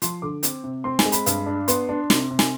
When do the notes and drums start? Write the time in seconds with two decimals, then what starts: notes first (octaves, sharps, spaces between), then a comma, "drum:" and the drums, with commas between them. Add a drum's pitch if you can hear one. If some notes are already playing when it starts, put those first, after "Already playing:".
0.02 F3 C6, drum: hi-hat
0.22 D3 D6
0.43 C4, drum: hi-hat
0.64 C3
0.84 C4 C6
0.99 G#5, drum: snare
1.05 G#3
1.12 B5, drum: hi-hat
1.26 G2, drum: hi-hat
1.46 D4
1.68 B3 C6, drum: hi-hat
1.89 D4
2.10 C3, drum: snare
2.31 C3
2.39 G#5, drum: snare